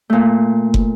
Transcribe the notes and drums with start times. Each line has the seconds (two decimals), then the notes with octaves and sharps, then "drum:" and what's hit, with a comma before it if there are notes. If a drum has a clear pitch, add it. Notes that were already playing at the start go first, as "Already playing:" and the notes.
0.10 A#2 A3
0.74 drum: kick